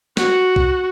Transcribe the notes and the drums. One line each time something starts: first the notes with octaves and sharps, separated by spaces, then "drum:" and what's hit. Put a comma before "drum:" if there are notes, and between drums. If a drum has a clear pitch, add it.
F#4, drum: snare
drum: kick